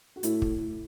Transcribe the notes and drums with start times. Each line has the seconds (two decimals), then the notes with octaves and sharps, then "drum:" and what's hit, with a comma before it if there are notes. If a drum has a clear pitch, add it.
0.16 F#4
0.23 A2 E4, drum: hi-hat
0.42 drum: kick